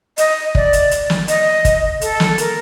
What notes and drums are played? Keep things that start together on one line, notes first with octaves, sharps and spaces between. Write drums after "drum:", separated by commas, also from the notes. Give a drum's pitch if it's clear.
D#5, drum: hi-hat
D5, drum: kick
drum: hi-hat
drum: hi-hat
drum: snare
D#5, drum: hi-hat
drum: kick, hi-hat
A4, drum: hi-hat
drum: snare
A#4, drum: hi-hat